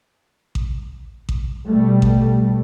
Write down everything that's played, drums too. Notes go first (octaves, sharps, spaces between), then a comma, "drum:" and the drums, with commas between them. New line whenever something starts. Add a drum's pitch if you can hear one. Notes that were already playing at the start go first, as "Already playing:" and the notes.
drum: kick A1
drum: kick A1
B2 G3 A3
drum: kick A1